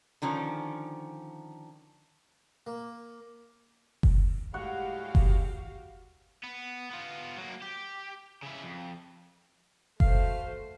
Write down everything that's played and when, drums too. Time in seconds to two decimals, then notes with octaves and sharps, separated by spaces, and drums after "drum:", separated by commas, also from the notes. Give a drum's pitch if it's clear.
0.22 D3 D#3 F3 C#4
2.67 A#3
4.03 drum: kick F#1
4.54 A2 G3 G#3 F#4 G4 F5 F#5 C#6
5.15 drum: kick F#1
6.44 B3
6.91 B3 F4
7.38 F#3 A#3
7.62 G4
8.43 C#3 E4
8.64 F2
10.00 A3 F#4 C5 F5, drum: kick F#1